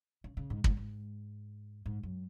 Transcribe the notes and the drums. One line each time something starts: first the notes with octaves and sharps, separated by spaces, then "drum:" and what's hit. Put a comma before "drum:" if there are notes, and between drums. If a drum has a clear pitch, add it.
C#3
C#3
G#2
G#2, drum: kick
G#2
G#2
F#2